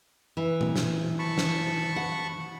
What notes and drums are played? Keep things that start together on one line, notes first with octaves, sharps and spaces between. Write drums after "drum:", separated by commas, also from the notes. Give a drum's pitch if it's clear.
E3
drum: tom A#2
drum: snare
A5 B5 C#6
drum: snare
F#5